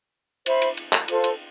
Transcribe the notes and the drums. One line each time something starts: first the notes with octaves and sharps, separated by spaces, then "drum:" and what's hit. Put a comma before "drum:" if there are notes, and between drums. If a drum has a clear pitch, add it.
C5 E5 B5, drum: cymbal
drum: cymbal
drum: cymbal
drum: clap
F4 A4 C5 F5, drum: cymbal
drum: cymbal